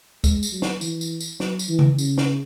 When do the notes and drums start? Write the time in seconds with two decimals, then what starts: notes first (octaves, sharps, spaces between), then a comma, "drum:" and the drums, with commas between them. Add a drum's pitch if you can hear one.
0.24 G#3, drum: kick D2, tambourine
0.43 drum: tambourine
0.53 F#3
0.62 drum: snare
0.81 E3, drum: tambourine
1.01 drum: tambourine
1.20 drum: tambourine
1.40 F#3, drum: snare
1.59 drum: tambourine
1.69 E3
1.79 drum: tom C#3
1.98 C#3, drum: tambourine
2.18 drum: snare